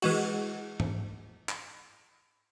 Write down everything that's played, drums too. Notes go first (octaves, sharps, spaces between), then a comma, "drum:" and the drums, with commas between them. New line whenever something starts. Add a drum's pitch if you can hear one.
E3 G#3 F#4, drum: cymbal
drum: tom
drum: clap